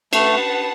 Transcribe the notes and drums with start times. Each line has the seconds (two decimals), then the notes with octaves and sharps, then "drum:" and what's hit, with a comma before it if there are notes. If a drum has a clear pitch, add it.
0.13 A3 B4 F#5 A5, drum: cymbal